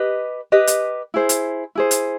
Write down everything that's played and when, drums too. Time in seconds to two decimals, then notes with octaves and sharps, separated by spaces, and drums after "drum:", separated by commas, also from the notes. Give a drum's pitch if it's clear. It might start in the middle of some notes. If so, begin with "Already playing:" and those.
Already playing: G4 B4 D#5
0.52 G4 B4 D#5
0.67 drum: hi-hat
1.14 E4 G#4 C5
1.29 drum: hi-hat
1.75 E4 G#4 C5
1.91 drum: hi-hat